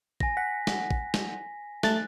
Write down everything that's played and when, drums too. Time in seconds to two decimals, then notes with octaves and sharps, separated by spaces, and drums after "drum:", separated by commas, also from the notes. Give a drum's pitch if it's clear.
0.20 G#5 A#6, drum: kick
0.37 F#5 B6
0.67 drum: snare
0.91 drum: kick
1.14 drum: snare
1.83 A3 A5 F#6 A6, drum: snare